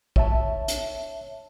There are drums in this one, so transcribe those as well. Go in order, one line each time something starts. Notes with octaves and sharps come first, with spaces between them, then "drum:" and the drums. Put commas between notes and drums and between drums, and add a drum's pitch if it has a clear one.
C#5 E5 A5, drum: kick A#1
drum: hi-hat